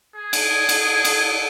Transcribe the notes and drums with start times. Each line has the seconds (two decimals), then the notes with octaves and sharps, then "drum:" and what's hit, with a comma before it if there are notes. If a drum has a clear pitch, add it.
0.15 G#4
0.33 drum: cymbal
0.69 drum: cymbal
1.05 drum: cymbal